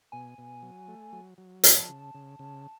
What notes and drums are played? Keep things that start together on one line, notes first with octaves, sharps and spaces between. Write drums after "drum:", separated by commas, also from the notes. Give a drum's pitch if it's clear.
B2 G#5
B2
F#3
A3
F#3
F#3
F3 A5, drum: hi-hat
C#3
C#3
C#3